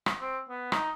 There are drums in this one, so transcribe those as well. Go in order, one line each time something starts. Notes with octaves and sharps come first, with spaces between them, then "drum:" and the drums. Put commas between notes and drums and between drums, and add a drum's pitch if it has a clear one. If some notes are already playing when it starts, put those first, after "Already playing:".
drum: rim click
C4
B3
D#4, drum: rim click